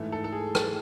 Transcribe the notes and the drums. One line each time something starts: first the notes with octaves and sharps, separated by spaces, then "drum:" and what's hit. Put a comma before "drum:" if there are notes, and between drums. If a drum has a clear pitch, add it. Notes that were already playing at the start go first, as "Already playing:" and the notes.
Already playing: G#2 E3 A3
A4
A4
G#4
A4, drum: rim click